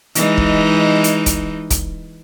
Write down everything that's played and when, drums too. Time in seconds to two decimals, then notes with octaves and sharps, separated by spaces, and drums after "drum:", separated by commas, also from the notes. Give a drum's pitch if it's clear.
0.15 E3 G#3 D#4, drum: hi-hat
0.37 drum: kick
1.04 drum: hi-hat
1.26 drum: kick, hi-hat
1.70 drum: kick, hi-hat